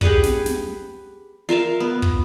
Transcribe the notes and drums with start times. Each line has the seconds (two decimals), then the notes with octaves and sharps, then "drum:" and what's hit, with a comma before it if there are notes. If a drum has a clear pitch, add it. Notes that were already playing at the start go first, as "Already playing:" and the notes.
0.01 G4 G#4 B4 F#5, drum: kick
0.23 drum: snare
0.46 drum: snare
1.49 F4 A#4 E5 F5
1.80 B3
2.02 drum: kick